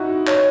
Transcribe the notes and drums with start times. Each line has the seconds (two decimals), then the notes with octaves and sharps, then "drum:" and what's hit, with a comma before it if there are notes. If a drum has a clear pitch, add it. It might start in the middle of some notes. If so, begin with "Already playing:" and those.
Already playing: D#4 E4 F#4
0.27 C#5, drum: clap